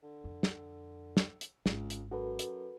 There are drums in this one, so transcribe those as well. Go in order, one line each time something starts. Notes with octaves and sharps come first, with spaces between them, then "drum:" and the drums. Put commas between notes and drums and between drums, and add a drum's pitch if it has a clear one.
D3
F2
drum: snare
drum: snare
drum: hi-hat
G#1 C#2, drum: snare
drum: hi-hat
F#2 F#4 A4 B4
drum: hi-hat